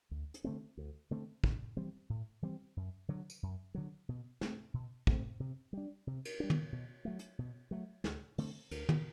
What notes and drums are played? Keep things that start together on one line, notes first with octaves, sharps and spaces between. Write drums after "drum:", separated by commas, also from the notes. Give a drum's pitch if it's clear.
D2
drum: hi-hat
D3 A3 C4
D2
D3 A3 C4
A2, drum: kick
E3 G3 C4
A2
E3 G3 C4
F#2
D3 F#3
drum: tambourine
F#2
D3 F#3
B2
A3 C4, drum: snare
B2
A3 C4, drum: kick
C3
G3 D4
C3
drum: cymbal
G3 D4
drum: tom
B2
F#3 A3
drum: hi-hat
B2
F#3 A3
D2, drum: snare
D3 A3 C4, drum: open hi-hat
D2, drum: cymbal
drum: tom